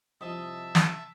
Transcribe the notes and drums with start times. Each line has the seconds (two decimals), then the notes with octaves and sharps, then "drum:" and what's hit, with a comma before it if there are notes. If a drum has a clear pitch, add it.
0.21 C2 F3 D#5 E5 A5
0.75 drum: snare